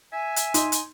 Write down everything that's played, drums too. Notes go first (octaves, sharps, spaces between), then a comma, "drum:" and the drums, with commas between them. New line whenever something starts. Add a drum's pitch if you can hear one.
E5 G#5
drum: hi-hat
D#4 C6, drum: hi-hat
drum: hi-hat